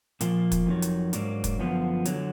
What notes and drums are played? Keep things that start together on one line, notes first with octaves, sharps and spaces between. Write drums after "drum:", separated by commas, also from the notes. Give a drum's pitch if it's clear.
A#2 F3 A#3 F4, drum: hi-hat
drum: kick, hi-hat
F2 D#3 F#3
drum: hi-hat
G#2 F#3 A#3 D4, drum: hi-hat
drum: kick, hi-hat
F#2 D3 F3 B3 F4
D3 F#3, drum: hi-hat